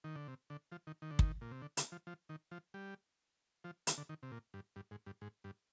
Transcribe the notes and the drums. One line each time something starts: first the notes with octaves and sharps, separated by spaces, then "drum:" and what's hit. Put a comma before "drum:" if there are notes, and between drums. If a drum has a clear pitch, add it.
D#3
D3
C3
D3
F3
D#3
D#3
D3
D#3, drum: kick
A#2
C3
D3
D3, drum: hi-hat
F3
F3
D#3
F3
G3
F3
D#3, drum: hi-hat
D3
D#3
C3
A#2
G2
G2
G#2
G2
G#2
G2